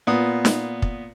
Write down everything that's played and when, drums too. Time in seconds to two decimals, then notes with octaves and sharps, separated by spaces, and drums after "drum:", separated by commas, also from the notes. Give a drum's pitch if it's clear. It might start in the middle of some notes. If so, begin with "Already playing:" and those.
0.07 A#2 B3 D#6
0.45 drum: snare
0.82 drum: kick